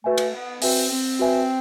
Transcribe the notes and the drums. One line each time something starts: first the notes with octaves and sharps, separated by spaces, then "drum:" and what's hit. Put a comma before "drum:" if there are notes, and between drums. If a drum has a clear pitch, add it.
A3 F#4 B4 E5 G#5
drum: cymbal
B3
C4 F#4 B4 E5 G#5, drum: open hi-hat
C4
F#4 B4 E5 G#5